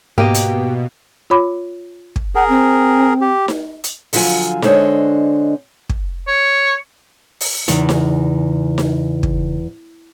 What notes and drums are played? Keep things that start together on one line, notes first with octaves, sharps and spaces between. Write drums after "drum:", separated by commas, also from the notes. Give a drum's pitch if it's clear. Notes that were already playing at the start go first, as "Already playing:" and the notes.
G#2 B2 A#3 G4 D#5
drum: hi-hat
F4 C#5 B5 D6
drum: kick
G#4 A#4 F#5
C4
G4
drum: snare D#4
drum: hi-hat
D3 F3 F#3 F4 G#5, drum: open hi-hat
D3 G#3 D4 C5 C#5 D#5, drum: snare D#4
drum: kick
C#5
drum: open hi-hat
E2 C#3 D#4, drum: hi-hat
drum: snare D#4
drum: snare D#4
drum: kick